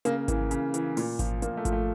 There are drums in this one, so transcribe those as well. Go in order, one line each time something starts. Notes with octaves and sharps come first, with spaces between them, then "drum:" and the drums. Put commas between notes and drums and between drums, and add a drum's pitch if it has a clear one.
C#3 A#3, drum: hi-hat
E3 A#3, drum: kick G#1, hi-hat
C#3, drum: hi-hat
E3, drum: hi-hat
A#2, drum: open hi-hat
F3, drum: kick G#1, hi-hat
A#2 A#3, drum: hi-hat
A3
F3, drum: kick G#1, hi-hat
A3